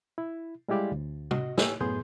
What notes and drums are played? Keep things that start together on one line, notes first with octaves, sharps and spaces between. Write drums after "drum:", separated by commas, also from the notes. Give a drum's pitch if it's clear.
E4
G3 G#3 E4 G4 D5 F5
D2
F#4 D#5, drum: tom
G4 C#5 G#5 E6, drum: snare
F#2 A2 B3 G#4 C6 G6